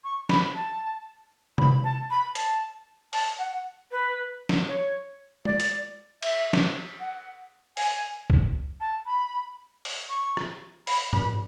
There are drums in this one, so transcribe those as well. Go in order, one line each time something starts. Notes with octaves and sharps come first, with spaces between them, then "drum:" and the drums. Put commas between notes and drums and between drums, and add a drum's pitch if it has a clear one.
C#6
B5, drum: snare
A5
B5, drum: tom C3
A5
B5
A5, drum: hi-hat
A5, drum: open hi-hat
F#5
B4
drum: snare
C#5
D5, drum: tom G#3
drum: hi-hat
E5, drum: cymbal
drum: snare
F#5
G#5, drum: open hi-hat
drum: kick
A5
B5
drum: open hi-hat
C#6
drum: rim click
B5, drum: open hi-hat
B5, drum: tom G#2